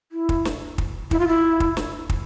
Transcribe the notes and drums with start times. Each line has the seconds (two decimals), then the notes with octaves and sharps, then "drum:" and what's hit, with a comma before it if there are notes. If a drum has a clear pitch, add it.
0.12 E4
0.29 drum: kick
0.45 drum: snare
0.78 drum: kick
1.11 E4, drum: kick
1.19 F4
1.28 E4
1.60 drum: kick
1.77 drum: snare
2.10 drum: kick